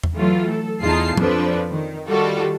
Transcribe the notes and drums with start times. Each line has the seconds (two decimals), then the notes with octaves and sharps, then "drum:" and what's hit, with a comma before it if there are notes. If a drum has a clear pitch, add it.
0.03 drum: tom E2
0.14 E3 F#3 A3 F4
0.50 A4
0.82 E2 D#4 F4 G#4 A5 C7
1.17 F2 F3 D4 A4 B4, drum: tom
1.70 D#3
2.08 D#3 G3 F4 F#4 A4